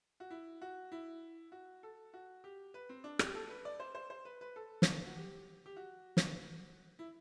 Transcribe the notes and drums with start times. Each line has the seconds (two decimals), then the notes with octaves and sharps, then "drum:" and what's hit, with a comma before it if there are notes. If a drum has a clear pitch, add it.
0.20 F#4
0.30 E4
0.62 F#4
0.92 E4
1.52 F#4
1.83 A4
2.14 F#4
2.44 G4
2.74 B4
2.89 C4
3.04 D4
3.19 G4, drum: rim click
3.35 A4
3.49 B4
3.65 D5
3.80 C5
3.95 C5
4.10 C5
4.25 B4
4.41 B4
4.56 A4
4.82 drum: snare
5.06 F#4
5.16 G4
5.66 G4
5.76 F#4
6.17 drum: snare
6.99 E4